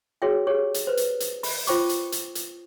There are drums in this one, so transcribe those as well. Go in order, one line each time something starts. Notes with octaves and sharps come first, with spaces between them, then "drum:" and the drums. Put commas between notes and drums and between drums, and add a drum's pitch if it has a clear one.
F#4 G#4 C#5 E5 G5
G4 G#4 C#5
drum: hi-hat
B4 C5
drum: hi-hat
drum: hi-hat
B5, drum: open hi-hat
F4 C5 G5 C#6 D6, drum: hi-hat
drum: hi-hat
drum: hi-hat
drum: hi-hat